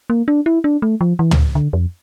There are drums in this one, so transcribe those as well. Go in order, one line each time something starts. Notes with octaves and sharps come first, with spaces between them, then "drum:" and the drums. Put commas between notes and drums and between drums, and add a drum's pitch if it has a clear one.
A#3
D4
E4
D4
A3
F3
E3
drum: tom
D3
F2